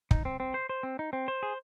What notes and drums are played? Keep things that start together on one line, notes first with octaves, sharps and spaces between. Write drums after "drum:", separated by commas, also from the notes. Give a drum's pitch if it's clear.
D#4, drum: kick
C4
C4
C5
C5
C4
D#4
C4
C5
G#4